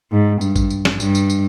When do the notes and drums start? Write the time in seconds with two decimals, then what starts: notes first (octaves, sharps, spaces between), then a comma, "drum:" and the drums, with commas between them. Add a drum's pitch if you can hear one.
0.12 G#2
0.41 G2, drum: tambourine
0.56 drum: kick, tambourine
0.70 drum: tambourine
0.85 drum: snare
1.00 G2, drum: tambourine
1.15 drum: tambourine
1.30 drum: tambourine